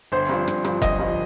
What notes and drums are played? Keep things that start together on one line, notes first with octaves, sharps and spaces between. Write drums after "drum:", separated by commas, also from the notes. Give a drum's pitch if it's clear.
G1 C5
G2 F3
G1, drum: rim click
G2 F3, drum: rim click
G1 D#5, drum: kick F#1
G2 F3